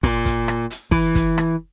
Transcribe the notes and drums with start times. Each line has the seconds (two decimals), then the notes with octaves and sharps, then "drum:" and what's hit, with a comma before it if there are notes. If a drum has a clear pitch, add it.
0.03 A#2, drum: kick
0.26 drum: kick, hi-hat
0.48 drum: rim click
0.70 drum: hi-hat
0.91 E3, drum: kick
1.15 drum: kick, hi-hat
1.38 drum: rim click